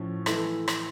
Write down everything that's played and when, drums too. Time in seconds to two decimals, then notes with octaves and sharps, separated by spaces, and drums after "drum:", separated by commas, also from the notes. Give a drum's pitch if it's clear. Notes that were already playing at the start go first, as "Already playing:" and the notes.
Already playing: A2 F3 C#4
0.26 E3 A3 E4, drum: rim click
0.68 drum: rim click